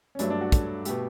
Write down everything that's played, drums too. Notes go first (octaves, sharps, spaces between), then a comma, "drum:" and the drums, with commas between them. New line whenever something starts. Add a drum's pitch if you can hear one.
C#4
G2 F#3 A3 D4, drum: hi-hat
D4
F#4
A4, drum: kick, hi-hat
B2 A3 G4, drum: hi-hat